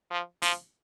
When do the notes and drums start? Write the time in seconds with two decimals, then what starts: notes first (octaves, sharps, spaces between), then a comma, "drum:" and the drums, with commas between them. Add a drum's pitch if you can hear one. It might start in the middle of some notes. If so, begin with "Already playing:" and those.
0.11 F3
0.42 F3, drum: open hi-hat